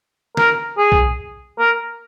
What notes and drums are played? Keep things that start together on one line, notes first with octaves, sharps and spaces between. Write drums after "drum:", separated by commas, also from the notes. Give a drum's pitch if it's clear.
A#4, drum: snare
G#4
drum: kick B1
A#4